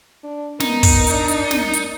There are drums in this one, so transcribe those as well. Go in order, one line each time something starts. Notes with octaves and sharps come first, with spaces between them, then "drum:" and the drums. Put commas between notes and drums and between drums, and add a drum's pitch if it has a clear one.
D4
B3 D#4 A#4, drum: snare
drum: kick, open hi-hat
D4, drum: hi-hat
drum: hi-hat
drum: snare
drum: hi-hat